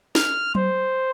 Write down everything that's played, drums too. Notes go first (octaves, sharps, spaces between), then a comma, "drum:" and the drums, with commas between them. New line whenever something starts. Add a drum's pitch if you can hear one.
F6, drum: snare
C5, drum: tom F#3